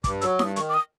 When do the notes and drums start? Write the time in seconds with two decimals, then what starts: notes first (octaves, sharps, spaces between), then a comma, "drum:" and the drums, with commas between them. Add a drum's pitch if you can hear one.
0.04 G2 D6, drum: kick, hi-hat
0.21 F#3 E6, drum: hi-hat
0.39 G2 D#6, drum: snare E4
0.56 D#3 C#6, drum: hi-hat
0.69 D6
0.74 D#6